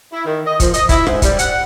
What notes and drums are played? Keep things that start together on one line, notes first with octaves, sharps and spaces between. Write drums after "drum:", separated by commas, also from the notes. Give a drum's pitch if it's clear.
E4
D#3
D#5
F3, drum: kick, hi-hat
D#5, drum: hi-hat
E4, drum: kick, hi-hat
G#2, drum: rim click
G3, drum: kick, hi-hat
F#5, drum: hi-hat